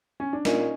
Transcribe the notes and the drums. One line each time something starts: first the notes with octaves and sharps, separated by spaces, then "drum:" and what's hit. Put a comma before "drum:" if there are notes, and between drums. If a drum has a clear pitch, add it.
C#4
D4
A#2 C#4 D#4, drum: snare